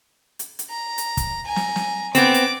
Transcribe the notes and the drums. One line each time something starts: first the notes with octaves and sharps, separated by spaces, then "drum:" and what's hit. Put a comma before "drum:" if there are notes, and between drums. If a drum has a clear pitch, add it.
drum: hi-hat
drum: hi-hat
A#5
drum: hi-hat
drum: kick, hi-hat
G#5 A#5
drum: snare
drum: snare
B3 C4 D6, drum: hi-hat
drum: hi-hat